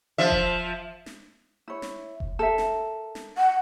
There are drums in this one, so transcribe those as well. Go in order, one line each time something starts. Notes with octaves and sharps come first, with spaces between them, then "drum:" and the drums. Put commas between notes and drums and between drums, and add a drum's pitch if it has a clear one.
F3 E5
drum: kick F1
drum: snare
E4 C#5
drum: snare
drum: kick F1
A4 A#4 E5
drum: snare
drum: snare
F#5